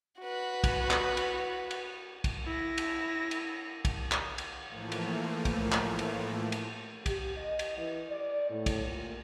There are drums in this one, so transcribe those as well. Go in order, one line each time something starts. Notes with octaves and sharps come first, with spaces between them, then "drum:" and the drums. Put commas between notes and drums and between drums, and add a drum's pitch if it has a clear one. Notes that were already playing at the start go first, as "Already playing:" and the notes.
F#4 B4
drum: kick, cymbal
drum: clap
drum: cymbal
drum: cymbal
drum: kick, cymbal
E4 A#6
drum: cymbal
drum: cymbal
drum: kick, cymbal
drum: clap
drum: cymbal
A2 E3 F3 A3 A#3
drum: cymbal
drum: kick, cymbal
drum: clap
drum: cymbal
drum: cymbal
G4, drum: kick, cymbal
D#5
drum: cymbal
E3
D5
A2
drum: kick, cymbal
A#2